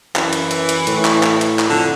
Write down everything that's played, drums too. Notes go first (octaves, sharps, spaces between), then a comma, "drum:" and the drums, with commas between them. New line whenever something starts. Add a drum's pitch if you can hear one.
F#2 E3, drum: clap
drum: hi-hat
drum: hi-hat
drum: hi-hat
A2, drum: hi-hat
drum: clap
drum: clap
drum: hi-hat
drum: clap
F2 D3